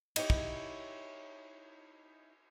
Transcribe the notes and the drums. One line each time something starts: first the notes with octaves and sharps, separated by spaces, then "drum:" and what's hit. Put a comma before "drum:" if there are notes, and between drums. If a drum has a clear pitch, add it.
D#4 E4 G4 C#5, drum: cymbal
drum: kick